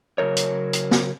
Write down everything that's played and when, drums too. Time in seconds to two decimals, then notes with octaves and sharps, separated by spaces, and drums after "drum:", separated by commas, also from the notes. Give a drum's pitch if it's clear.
0.18 C#3 F#3 A#4 C#5
0.36 drum: hi-hat
0.73 drum: hi-hat
0.91 drum: snare